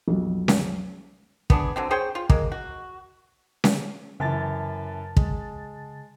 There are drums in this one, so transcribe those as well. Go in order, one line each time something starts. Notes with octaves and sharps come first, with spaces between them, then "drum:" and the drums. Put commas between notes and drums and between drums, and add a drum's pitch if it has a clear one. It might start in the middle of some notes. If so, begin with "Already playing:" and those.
B1 F2 F#3 G3
drum: snare C#4
B3 D4 G#4, drum: kick
D3 F#3 C4
G#4 C5 C#5 G5
F4
G#3 A#3, drum: kick
F#4
drum: snare C#4
F#2 C#3 E3 A5 A6
G#3, drum: kick